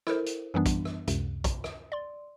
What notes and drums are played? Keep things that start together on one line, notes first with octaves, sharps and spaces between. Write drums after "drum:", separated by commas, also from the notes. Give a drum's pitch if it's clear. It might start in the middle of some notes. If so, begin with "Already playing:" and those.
E4 A4 A#4 C5, drum: rim click
drum: hi-hat
F#2 E3 G3 B3 D4
drum: kick, hi-hat
drum: rim click
C#2 F#2 C3, drum: hi-hat
drum: kick, hi-hat
drum: rim click
D5 C6